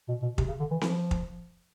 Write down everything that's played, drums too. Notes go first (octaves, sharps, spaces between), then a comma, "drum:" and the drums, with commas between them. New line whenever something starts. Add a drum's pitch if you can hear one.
B2
B2
C3, drum: kick
C#3
D3
E3
F3, drum: snare C4
drum: kick